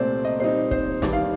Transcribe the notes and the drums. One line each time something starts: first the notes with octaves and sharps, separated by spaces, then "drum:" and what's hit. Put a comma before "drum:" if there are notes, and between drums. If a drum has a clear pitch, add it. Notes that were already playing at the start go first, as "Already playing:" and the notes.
Already playing: C2 A#2 A3 C4 C5 D5
D#5
A#2 G3 C4 D#4 C5
C5, drum: kick
G2 D#3 G3 D5, drum: snare
F5